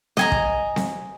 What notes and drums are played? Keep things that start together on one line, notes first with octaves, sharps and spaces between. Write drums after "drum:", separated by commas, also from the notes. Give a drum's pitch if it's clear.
D#5 G#5 A#5, drum: snare C4
drum: kick
drum: snare C4